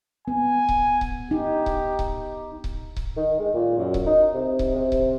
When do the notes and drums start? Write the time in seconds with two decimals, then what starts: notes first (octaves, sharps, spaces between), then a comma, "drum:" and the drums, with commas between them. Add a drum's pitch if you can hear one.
0.28 B3 G#5
0.69 drum: kick C#1
1.01 drum: kick C#1
1.31 D#4 G4
1.66 drum: kick C#1
1.99 drum: kick C#1
2.64 drum: kick C#1
2.96 drum: kick C#1
3.17 D#3
3.39 G#3
3.54 A#2
3.78 F#2
3.94 drum: kick C#1
4.06 D#4
4.35 C3
4.59 drum: kick C#1
4.76 C3
4.92 drum: kick C#1